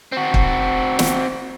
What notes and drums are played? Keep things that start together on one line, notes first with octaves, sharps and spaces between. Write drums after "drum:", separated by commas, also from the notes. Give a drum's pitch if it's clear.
C4 F#4
drum: kick
drum: snare